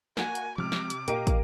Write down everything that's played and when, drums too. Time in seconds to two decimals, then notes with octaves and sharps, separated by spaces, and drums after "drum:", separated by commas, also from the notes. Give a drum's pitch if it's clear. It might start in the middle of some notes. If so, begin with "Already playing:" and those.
0.17 A#3 F#4 G#5, drum: snare
0.35 drum: hi-hat
0.58 C3 F3 G#3 D6 F6
0.72 drum: snare
0.90 drum: hi-hat
1.08 A#2 A#3 G4 A#4 D#5 F5 D7, drum: hi-hat
1.27 drum: kick, hi-hat